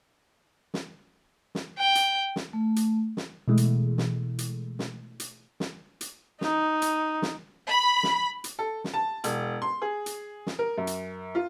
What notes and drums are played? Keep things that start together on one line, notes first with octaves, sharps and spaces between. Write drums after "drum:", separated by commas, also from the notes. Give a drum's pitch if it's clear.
drum: snare
drum: snare
G5
drum: hi-hat
drum: snare
A3
drum: hi-hat
drum: snare
B2 E3 G#3 A3
drum: hi-hat
drum: snare
drum: hi-hat
drum: snare
drum: hi-hat
drum: snare
drum: hi-hat
D#4, drum: snare
drum: hi-hat
drum: snare
B5
drum: snare
drum: hi-hat
A4
drum: snare
A5
E1, drum: hi-hat
C6
G#4
drum: hi-hat
drum: snare
A#4
F#2
drum: hi-hat
F4